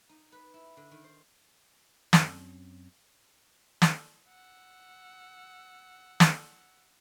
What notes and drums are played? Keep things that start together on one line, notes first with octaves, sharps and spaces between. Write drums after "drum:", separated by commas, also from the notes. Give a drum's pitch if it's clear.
D#4
B4
E4
D3
D#3
C5
F#2 F#3 C4 C#4, drum: snare
drum: snare
F#5 E6
drum: snare